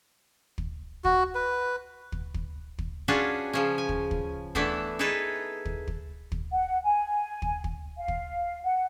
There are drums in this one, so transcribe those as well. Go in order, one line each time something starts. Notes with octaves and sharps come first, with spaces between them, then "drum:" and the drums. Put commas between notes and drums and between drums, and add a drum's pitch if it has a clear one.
drum: kick
F#4, drum: kick
B4
drum: kick
drum: kick
drum: kick
C#4 D4 F4 F#4 G#4 B4
C#3 F3 C#4
G#5
drum: kick
drum: kick
E3 A3 B3 D4 E4, drum: kick
D#4 E4 G#4 A4 B4 C#5
drum: kick
drum: kick
drum: kick
F#5
G#5
drum: kick
drum: kick
F5
drum: kick
F#5